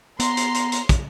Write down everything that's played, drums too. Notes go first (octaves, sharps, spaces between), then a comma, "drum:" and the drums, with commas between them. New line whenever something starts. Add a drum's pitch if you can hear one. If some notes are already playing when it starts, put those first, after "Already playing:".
B3 A#5 C6, drum: hi-hat
drum: hi-hat
drum: hi-hat
drum: hi-hat
drum: kick, hi-hat